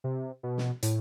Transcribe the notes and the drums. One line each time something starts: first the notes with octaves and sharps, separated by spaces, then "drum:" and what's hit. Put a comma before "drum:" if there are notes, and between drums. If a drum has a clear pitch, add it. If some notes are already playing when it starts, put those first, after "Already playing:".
C3
B2
drum: snare
A2, drum: hi-hat